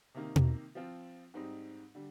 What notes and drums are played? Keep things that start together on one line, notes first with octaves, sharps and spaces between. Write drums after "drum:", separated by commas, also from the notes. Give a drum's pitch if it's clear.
C3 D#3 A#3 D#4
drum: tom B2
F3 C4 F4
G#2 G3 C4 D#4
D3 G3